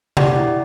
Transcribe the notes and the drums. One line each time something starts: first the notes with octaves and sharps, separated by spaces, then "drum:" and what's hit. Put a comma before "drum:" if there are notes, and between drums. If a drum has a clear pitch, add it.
G4 D5 F#5, drum: tom C3
E4